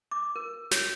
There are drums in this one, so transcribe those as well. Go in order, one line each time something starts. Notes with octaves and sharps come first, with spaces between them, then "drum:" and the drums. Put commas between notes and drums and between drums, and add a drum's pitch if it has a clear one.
D6
A#4
C#5, drum: snare